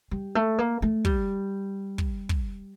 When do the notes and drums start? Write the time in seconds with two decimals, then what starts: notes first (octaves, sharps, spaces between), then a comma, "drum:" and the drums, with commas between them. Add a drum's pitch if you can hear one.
0.11 G3
0.35 A3
0.59 A#3
0.82 A3
1.05 G3, drum: kick
1.98 drum: kick
2.29 drum: kick